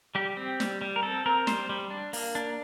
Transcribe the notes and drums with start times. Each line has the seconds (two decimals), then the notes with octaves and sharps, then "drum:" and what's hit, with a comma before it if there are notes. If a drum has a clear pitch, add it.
0.15 G3 G4
0.37 C4
0.60 G3, drum: snare
0.82 G3
0.96 A#4
1.03 C4 A4
1.26 C4 A#4
1.47 G3 C5, drum: snare
1.69 G3
1.91 D4
2.13 A#3, drum: open hi-hat
2.35 D4